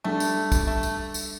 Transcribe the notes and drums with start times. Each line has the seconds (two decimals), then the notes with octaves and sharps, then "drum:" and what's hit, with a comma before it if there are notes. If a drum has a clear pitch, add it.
0.04 G3 A3 D4 A4
0.20 drum: tambourine
0.52 drum: kick, tambourine
0.67 A3
0.83 drum: tambourine
1.14 drum: tambourine